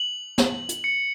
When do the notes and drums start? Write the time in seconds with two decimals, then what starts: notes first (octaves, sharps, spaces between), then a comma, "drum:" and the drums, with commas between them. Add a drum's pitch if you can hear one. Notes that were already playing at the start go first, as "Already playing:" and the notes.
Already playing: F#7
0.38 drum: snare
0.69 drum: hi-hat
0.84 C#7